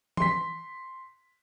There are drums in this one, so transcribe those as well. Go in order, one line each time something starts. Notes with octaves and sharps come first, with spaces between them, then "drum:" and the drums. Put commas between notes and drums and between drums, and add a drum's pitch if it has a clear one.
C6 B6, drum: tom E3